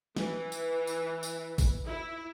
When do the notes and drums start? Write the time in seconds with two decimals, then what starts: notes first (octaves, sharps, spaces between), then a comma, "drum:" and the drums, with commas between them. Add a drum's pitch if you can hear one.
0.16 E3, drum: snare
0.52 drum: tambourine
0.87 drum: tambourine
1.23 drum: tambourine
1.58 drum: kick, tambourine
1.87 E4